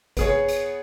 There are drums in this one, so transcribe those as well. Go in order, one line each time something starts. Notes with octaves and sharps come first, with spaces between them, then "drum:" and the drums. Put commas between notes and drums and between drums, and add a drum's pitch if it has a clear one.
B3 G#4 C#5, drum: kick G#1, hi-hat
drum: hi-hat